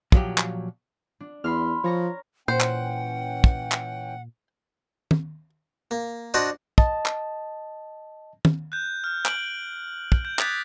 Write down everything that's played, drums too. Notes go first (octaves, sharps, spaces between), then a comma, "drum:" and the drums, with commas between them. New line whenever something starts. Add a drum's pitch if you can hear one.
A#2 F3 F#3 G4, drum: kick
drum: clap
D4
E2 B5 C6 F6
F3 C#5 A#5 C#6
A#2 E3 C#4 C5 F#5 G5
drum: clap
drum: kick
drum: clap
drum: tom
A#3
D4 F#4 C5 D5 D#5
D#5 A5, drum: kick
drum: clap
drum: tom
F#6 G6
F6 G6
D7 F#7, drum: clap
drum: kick
G6
D6 D#6 F#6 G#6 A6 B6, drum: clap